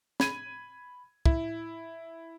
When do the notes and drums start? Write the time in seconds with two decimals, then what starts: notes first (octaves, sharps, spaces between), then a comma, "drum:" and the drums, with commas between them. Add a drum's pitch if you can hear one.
0.20 B5 G#6 D#7, drum: snare
1.26 E4, drum: kick